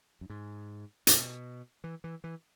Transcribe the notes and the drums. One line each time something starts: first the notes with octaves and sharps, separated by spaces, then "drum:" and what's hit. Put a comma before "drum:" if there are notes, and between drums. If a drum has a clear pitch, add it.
F#2
G#2
B2, drum: hi-hat
E3
E3
E3